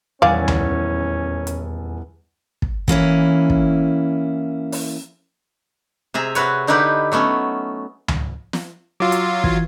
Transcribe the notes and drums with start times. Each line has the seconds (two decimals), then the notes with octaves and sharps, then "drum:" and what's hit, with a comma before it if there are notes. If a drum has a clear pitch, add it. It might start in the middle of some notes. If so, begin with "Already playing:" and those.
0.22 D#1 E2 C#4 D5 F5 G#5 A6
0.48 drum: tom C#2
1.47 drum: hi-hat
2.62 drum: kick
2.88 E3 A#3 C#4 E4, drum: kick
3.50 drum: kick
4.72 drum: open hi-hat
6.14 C3 G#4 E5 A#5
6.35 C3 F#4 B4 C#5, drum: hi-hat
6.67 D3 D#4 E4 G4 B4
7.12 F#3 A3 B3 C#4
8.08 drum: tom C#2
8.53 drum: snare
9.00 F#3 F4 D6 E6
9.12 drum: hi-hat
9.44 E3 G#6, drum: kick